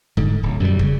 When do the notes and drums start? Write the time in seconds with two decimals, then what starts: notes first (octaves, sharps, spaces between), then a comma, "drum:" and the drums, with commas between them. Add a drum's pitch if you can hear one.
0.17 G#2 D3, drum: kick
0.43 D1
0.60 F#2 B2 F3 G3
0.79 C#3, drum: kick